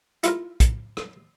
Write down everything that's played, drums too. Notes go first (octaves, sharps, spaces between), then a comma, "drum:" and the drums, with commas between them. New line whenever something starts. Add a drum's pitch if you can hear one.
E4 F4 A#4, drum: hi-hat
drum: kick, hi-hat
drum: rim click